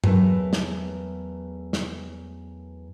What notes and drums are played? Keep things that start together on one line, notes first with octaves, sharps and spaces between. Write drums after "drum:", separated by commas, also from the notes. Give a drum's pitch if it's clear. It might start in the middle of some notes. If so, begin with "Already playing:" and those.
E2 F#3 A3 A#4 B4, drum: tom G2
drum: snare
drum: snare